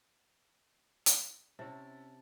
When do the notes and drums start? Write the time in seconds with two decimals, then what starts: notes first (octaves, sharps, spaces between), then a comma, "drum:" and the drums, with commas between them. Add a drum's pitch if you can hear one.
1.06 drum: hi-hat
1.59 C3 C#4 E4 A5